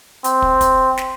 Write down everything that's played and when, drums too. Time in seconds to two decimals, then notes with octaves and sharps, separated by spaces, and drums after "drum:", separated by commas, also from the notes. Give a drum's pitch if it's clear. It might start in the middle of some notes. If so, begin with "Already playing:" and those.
0.24 C4, drum: hi-hat
0.42 drum: kick
0.61 drum: kick, hi-hat
0.97 drum: snare